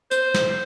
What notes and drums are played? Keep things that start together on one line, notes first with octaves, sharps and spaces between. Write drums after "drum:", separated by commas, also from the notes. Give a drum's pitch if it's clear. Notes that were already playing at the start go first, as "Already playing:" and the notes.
C5, drum: hi-hat
drum: snare